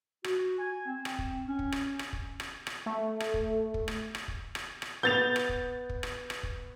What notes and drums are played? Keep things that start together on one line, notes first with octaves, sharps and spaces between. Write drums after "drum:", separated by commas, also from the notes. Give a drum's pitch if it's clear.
F#4, drum: rim click
G#5
C4
drum: rim click
drum: kick
C#4
drum: kick
drum: rim click
drum: rim click
drum: kick
drum: rim click
drum: rim click
A3
drum: rim click
drum: kick
drum: kick
drum: rim click
drum: rim click
drum: kick
drum: rim click
drum: rim click
B3 G6 A6 F7
drum: rim click
drum: kick
drum: kick
drum: rim click
drum: rim click
drum: kick